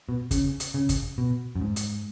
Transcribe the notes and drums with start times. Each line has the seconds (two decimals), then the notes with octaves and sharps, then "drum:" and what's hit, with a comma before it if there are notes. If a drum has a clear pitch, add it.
0.09 B2
0.31 C#3, drum: kick, hi-hat
0.60 drum: hi-hat
0.74 C#3
0.89 drum: kick, hi-hat
1.18 B2
1.56 F#2
1.61 G#2
1.76 drum: hi-hat